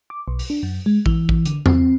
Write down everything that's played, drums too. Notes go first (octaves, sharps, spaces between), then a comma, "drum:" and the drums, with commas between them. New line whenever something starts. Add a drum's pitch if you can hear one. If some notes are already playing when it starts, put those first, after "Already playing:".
D6
B1
drum: open hi-hat
D4
F#2
G#3
E3, drum: kick A1
drum: kick A1
D3, drum: hi-hat
C4, drum: tom E2